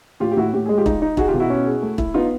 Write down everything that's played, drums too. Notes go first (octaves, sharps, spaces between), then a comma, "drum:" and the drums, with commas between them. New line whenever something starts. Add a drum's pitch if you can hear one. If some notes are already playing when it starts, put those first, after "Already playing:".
A2 F4 G4
G4
A2 E4 F#4
A2 G4
G#3 G#4
F4 G4
D#4, drum: kick
D#4
D#4 F#4 G#4, drum: kick
F4 G4
B2
E4 F#4
C#4
G#4
A3
E4, drum: kick
B3 D#4 F4